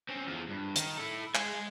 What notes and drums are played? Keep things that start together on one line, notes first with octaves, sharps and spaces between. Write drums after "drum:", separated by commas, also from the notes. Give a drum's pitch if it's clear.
C4 C#4
E2 F3
G2
D#3, drum: hi-hat
E4 A4
G#3 G#5, drum: clap